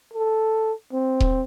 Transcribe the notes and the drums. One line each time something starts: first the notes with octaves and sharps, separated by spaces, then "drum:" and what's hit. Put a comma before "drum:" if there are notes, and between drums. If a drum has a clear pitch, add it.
A4
C4
drum: kick D#1